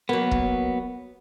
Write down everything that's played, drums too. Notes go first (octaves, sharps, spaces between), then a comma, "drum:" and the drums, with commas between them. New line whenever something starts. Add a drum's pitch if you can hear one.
F#3 A#3 B3
drum: kick